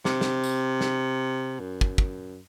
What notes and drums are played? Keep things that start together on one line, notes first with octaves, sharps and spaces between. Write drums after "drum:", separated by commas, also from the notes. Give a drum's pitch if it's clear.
C3, drum: snare
drum: snare
drum: tambourine
drum: snare
F#2
drum: kick
drum: kick